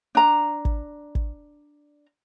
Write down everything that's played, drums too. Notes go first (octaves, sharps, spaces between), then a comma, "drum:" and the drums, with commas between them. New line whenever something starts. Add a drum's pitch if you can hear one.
D4 A#5
drum: kick
drum: kick